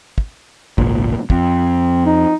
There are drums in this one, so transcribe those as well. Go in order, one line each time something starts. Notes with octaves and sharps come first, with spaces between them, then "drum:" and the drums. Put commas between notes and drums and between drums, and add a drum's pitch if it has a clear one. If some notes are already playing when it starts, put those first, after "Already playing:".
drum: kick
G#1 C#2 A#2, drum: kick
F2 C4, drum: kick
D#4